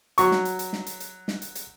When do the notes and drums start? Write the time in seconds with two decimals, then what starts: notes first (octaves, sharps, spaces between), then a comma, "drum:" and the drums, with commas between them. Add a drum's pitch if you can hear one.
0.18 F#3 C#6, drum: hi-hat
0.31 drum: snare
0.45 drum: hi-hat
0.59 drum: hi-hat
0.73 drum: snare
0.87 drum: hi-hat
1.00 drum: hi-hat
1.28 drum: snare
1.42 drum: hi-hat
1.55 drum: hi-hat